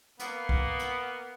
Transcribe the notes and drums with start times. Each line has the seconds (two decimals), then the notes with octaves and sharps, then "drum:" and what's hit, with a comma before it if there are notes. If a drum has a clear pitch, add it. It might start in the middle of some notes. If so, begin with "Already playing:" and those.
0.19 A#3 B3, drum: hi-hat
0.49 drum: kick B1
0.79 drum: hi-hat